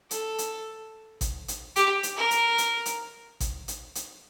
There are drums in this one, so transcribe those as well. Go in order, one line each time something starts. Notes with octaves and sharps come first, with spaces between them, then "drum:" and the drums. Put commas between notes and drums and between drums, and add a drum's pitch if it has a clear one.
A4, drum: hi-hat
drum: hi-hat
drum: kick G#1, hi-hat
drum: hi-hat
G4, drum: hi-hat
drum: hi-hat
A#4
drum: hi-hat
drum: hi-hat
drum: hi-hat
drum: kick G#1, hi-hat
drum: hi-hat
drum: hi-hat